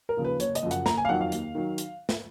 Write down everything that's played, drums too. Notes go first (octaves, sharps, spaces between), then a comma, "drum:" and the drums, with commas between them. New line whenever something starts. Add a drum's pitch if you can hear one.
A#4
D#2 C#3 F3
B4
F#1 C#5, drum: hi-hat
D#5, drum: hi-hat
F#2 C#3 F3
F#5, drum: hi-hat
F#1 A#5, drum: snare
G#5
F5
F2 D#3 F#3 F#5
F5
D#2, drum: hi-hat
D#3 F#3
drum: hi-hat
drum: snare